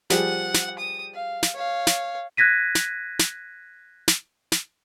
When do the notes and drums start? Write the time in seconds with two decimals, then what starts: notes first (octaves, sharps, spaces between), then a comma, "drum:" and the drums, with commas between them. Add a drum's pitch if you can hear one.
0.10 F3 G3 G#4 F#5, drum: snare
0.54 drum: snare
0.79 D#6
1.14 F5
1.43 drum: snare
1.55 C#5 F5
1.87 drum: snare
2.37 F#6 G#6 A#6 B6 D#7
2.75 drum: snare
3.19 drum: snare
4.08 drum: snare
4.52 drum: snare